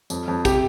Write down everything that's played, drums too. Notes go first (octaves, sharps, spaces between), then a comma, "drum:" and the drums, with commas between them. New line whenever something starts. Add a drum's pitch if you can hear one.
F2, drum: tambourine
F2
C3 G4, drum: kick, tambourine